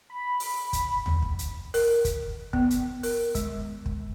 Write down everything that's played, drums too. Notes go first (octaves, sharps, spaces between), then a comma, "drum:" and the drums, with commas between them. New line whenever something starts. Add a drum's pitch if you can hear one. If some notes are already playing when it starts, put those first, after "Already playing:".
B5
drum: open hi-hat
drum: kick, hi-hat
drum: tom
drum: kick
drum: hi-hat
A#4, drum: open hi-hat
drum: kick, hi-hat
B3, drum: kick
drum: hi-hat
A#4, drum: open hi-hat
G#3, drum: kick, hi-hat
drum: kick